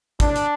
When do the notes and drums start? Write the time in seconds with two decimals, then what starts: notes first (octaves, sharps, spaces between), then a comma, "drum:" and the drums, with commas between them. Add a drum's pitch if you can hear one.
0.20 A2 D4, drum: kick, hi-hat
0.36 drum: hi-hat